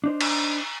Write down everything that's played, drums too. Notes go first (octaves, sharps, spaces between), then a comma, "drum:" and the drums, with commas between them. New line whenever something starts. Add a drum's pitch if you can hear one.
D4 D#4 C5
drum: cymbal